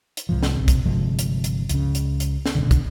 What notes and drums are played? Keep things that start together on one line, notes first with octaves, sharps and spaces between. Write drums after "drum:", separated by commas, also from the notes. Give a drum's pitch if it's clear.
drum: hi-hat
C2 G#2 F3
drum: snare
B1 C3
drum: kick, hi-hat
G1 C3 F3 G#3
drum: hi-hat
drum: hi-hat
C#2 C#3, drum: hi-hat
drum: hi-hat
drum: hi-hat
drum: snare
D#1 B1 B2 D3
drum: kick, hi-hat